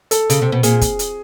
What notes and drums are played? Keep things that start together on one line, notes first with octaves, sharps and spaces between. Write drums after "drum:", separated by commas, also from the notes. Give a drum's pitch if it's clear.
A4, drum: hi-hat
C#3, drum: hi-hat
C3
B2
A#2 G#4, drum: hi-hat
drum: kick, hi-hat
drum: hi-hat